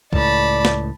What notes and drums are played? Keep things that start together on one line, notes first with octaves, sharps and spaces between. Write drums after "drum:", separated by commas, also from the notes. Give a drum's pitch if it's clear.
C#2 A2 D5 A5 B5, drum: kick
drum: snare